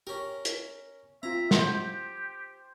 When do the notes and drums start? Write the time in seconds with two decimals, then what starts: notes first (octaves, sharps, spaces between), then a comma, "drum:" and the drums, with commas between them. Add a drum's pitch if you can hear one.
0.07 C#4 G4 A#4
0.45 drum: hi-hat
1.23 C4 F4 E5 A#5
1.51 G4 C5 F5 F#5, drum: snare